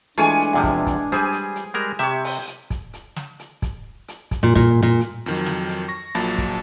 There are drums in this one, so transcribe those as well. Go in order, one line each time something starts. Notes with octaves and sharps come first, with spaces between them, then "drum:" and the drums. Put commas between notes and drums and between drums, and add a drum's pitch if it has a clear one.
E3 G#3 A3 D4 F4 C#5 G#5, drum: hi-hat
drum: hi-hat
E2 C3 F3 G#4
drum: kick, hi-hat
drum: kick, hi-hat
G3 G#4 C5 G#5, drum: hi-hat
drum: hi-hat
drum: hi-hat
G3 G#3 A#4
C3 G4 C#5 E5, drum: hi-hat
drum: open hi-hat
drum: hi-hat
drum: kick, hi-hat
drum: hi-hat
drum: snare
drum: hi-hat
drum: kick, hi-hat
drum: hi-hat
drum: kick, hi-hat
A#2
A#2, drum: kick, hi-hat
A#2
drum: hi-hat
F2 D#3 F#3, drum: hi-hat
drum: snare
drum: hi-hat
C#6 A#6
A#1 A#2 F#3 A5 B5 A6, drum: hi-hat
drum: kick, hi-hat